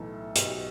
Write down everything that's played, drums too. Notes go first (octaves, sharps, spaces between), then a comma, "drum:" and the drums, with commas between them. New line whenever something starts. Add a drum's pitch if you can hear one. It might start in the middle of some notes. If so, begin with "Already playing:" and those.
Already playing: B1 A2 E3 A4
B1 B2 F#3 G4, drum: hi-hat
F#4